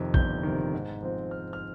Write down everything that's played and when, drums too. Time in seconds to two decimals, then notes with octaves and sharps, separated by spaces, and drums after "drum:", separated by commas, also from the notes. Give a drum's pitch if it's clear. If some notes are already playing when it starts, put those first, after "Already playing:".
Already playing: F2 C3 D#3
0.14 G1 G6, drum: kick
0.43 F2 C3 D#3
0.74 G#2
1.03 F3 C4
1.31 G#2 F6
1.53 F6